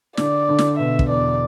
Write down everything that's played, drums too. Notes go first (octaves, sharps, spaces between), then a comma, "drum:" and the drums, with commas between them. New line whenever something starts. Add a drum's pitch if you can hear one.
D3 D5, drum: snare
D3
drum: snare
B2 E5
drum: kick
E2 D5